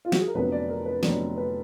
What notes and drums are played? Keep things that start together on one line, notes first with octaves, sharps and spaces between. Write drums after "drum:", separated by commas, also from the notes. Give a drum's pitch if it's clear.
F4
F#4, drum: snare
G#4
A#4
F1 F2 D3 F#3 B3 B4
D5
A#4
B4
F1 F2 D3 F#3 B3 D5, drum: snare
B4